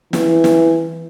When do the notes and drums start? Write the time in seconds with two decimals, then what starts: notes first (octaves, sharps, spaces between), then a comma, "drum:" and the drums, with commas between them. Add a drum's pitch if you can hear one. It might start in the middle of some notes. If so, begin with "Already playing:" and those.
0.13 E3, drum: snare
0.44 drum: snare